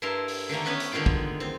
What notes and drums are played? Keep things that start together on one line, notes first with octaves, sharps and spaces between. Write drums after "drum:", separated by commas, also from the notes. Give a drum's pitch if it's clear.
G2 E4 A4 A#4 A#5 C6
drum: open hi-hat
D3 D#3 A3 A#3
B3 C#4 B4 D#5
drum: hi-hat
D3 D#3 G#3 F4 G5
drum: kick
C4